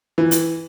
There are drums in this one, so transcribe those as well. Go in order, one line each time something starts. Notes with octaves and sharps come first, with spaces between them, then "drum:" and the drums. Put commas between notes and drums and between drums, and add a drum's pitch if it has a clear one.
E3
drum: hi-hat